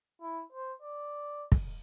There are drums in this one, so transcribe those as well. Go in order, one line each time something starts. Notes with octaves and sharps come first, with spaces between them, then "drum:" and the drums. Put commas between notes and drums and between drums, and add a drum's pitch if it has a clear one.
E4
C5
D5
drum: kick